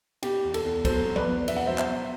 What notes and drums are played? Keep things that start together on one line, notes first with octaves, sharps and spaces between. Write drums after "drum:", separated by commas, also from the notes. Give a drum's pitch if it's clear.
B2 G4, drum: cymbal
E2
A4, drum: cymbal
E2
F#3 A4 C5, drum: kick B1, cymbal
B2
B4 D5, drum: tom
E2
E2 E5, drum: cymbal
F#5
F#3 C5 E5
C5 E5, drum: clap
B2